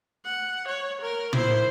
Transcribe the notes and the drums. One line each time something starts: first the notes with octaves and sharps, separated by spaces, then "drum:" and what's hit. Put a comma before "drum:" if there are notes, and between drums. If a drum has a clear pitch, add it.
F#5
C#5
A#4
E4 C5, drum: tom